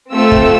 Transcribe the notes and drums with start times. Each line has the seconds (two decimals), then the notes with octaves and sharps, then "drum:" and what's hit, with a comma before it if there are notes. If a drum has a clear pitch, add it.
0.13 A3 C4 F4 A4 E6
0.32 drum: kick